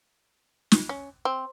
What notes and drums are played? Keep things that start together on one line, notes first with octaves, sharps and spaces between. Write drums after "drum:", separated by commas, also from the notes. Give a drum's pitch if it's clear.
drum: snare
C#4
C4